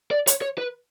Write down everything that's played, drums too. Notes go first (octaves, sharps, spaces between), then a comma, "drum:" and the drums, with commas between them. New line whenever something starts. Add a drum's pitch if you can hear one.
D5
C#5, drum: hi-hat
C#5
B4